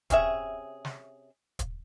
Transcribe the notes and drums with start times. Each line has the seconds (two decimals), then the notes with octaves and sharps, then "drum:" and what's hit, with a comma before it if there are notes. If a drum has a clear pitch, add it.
0.10 C3 C#4 G#4 E5, drum: kick, hi-hat
0.85 drum: snare
1.59 drum: kick, hi-hat